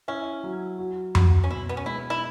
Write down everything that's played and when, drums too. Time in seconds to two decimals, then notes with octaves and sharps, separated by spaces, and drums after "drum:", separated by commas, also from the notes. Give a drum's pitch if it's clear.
0.08 C#4 E4
0.43 F#3
0.79 F#4
1.15 F#4, drum: tom F2
1.44 C#4
1.50 B2 E4
1.69 B3
1.77 C#4
1.86 G#3 E4
2.10 E4